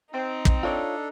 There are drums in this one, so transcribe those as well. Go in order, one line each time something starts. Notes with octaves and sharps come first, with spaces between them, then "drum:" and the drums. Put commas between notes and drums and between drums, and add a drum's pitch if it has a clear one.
C4 D#4
drum: kick
D4 F4 A4 C#5 D5